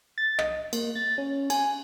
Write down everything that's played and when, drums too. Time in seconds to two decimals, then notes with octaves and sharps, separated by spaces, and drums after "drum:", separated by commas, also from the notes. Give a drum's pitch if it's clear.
0.18 A6
0.39 D#5, drum: rim click
0.73 A#3, drum: cymbal
0.95 A6
1.18 C#4
1.50 G#5, drum: cymbal